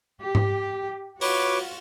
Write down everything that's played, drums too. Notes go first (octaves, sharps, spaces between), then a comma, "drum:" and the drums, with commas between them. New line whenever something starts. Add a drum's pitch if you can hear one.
G4
drum: tom G#2
F4 F#4 B4 C#5 D6, drum: open hi-hat